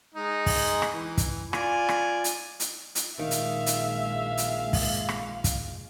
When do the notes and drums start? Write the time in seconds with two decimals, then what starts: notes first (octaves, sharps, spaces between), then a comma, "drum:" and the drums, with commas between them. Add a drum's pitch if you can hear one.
0.15 G#3 D#4
0.46 drum: kick, open hi-hat
0.82 drum: rim click
0.94 E3
1.17 drum: kick, hi-hat
1.53 F4 D5 G#5, drum: rim click
1.89 drum: rim click
2.24 drum: hi-hat
2.60 drum: hi-hat
2.95 drum: hi-hat
3.19 A#1 D#3 G#3 E5 F5
3.31 drum: hi-hat
3.66 drum: hi-hat
4.37 drum: hi-hat
4.73 drum: kick, open hi-hat
5.09 drum: rim click
5.44 drum: kick, hi-hat